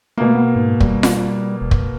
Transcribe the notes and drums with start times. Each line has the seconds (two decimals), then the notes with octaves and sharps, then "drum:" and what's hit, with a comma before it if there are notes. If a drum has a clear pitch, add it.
0.18 B2 A3 A#3
0.35 B3
0.56 G#2
0.80 G3, drum: kick
1.03 drum: snare F4
1.61 E1
1.71 drum: kick